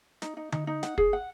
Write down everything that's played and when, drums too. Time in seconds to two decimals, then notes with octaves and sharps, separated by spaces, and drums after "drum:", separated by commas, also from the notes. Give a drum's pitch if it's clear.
0.22 D#4, drum: snare
0.37 D#4
0.52 D#4, drum: tom D3
0.67 D#4
0.83 F#5, drum: snare
0.98 G#4, drum: kick
1.13 F#5